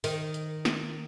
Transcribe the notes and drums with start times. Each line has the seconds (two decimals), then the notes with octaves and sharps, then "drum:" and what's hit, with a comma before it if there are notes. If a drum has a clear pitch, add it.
0.04 D#3, drum: open hi-hat
0.34 drum: hi-hat
0.65 drum: snare